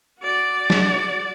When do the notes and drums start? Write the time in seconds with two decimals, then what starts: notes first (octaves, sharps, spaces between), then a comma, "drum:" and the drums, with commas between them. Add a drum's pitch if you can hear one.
0.20 F#4 D5
0.70 drum: snare